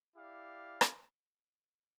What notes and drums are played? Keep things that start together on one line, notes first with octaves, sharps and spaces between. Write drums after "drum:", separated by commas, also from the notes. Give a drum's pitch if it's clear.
E4 G4 D5 F5
drum: rim click